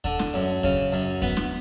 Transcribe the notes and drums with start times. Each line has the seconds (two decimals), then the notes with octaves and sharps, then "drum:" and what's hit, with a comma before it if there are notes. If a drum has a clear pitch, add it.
0.04 D3, drum: kick D#2
0.19 drum: snare
0.34 F#2
0.64 C#3, drum: kick D#2
0.92 F#2
1.22 B3, drum: kick D#2
1.37 drum: snare